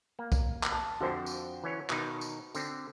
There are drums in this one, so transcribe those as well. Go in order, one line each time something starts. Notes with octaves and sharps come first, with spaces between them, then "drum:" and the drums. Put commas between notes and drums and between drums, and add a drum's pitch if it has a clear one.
A#3
drum: kick, tambourine
drum: clap
A5
F2 D3 F#4 C5
drum: tambourine
E3 C#4 C#5
B2 D#3 D#4, drum: clap
drum: tambourine
D3 C4, drum: tambourine